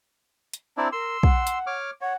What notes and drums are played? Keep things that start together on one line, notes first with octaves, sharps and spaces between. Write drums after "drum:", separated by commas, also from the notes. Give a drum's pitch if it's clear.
drum: hi-hat
C4 D4 E4 A#5
A#4 C6 E6
F#5, drum: kick
drum: hi-hat
C#5 D6 F6
C#5 F#5